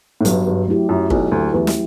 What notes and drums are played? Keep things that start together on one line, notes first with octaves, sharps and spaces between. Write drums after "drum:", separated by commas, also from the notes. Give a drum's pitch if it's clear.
A2
G1 G2 F#3, drum: hi-hat
G1 G2
A3 E4 G4
F#2
B1 B2 F#3, drum: kick
D2 D3
E2 E3 A3 E4 G4
drum: snare